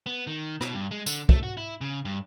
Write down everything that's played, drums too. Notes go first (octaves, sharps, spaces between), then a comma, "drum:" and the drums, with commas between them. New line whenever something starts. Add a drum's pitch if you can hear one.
B3
D#3
B2, drum: rim click
G2
G#3
D3, drum: tambourine
A3, drum: kick
F#4
E4
C#3
G2